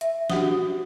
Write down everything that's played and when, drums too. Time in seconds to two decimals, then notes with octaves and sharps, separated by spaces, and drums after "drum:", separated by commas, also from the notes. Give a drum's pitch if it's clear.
0.01 E5, drum: hi-hat
0.30 D4 F#4 G4 F#5 D#6 G7, drum: snare